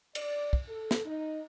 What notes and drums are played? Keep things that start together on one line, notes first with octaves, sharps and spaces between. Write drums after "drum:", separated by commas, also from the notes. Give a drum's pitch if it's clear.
D5, drum: cymbal
drum: kick
A4
drum: snare
D#4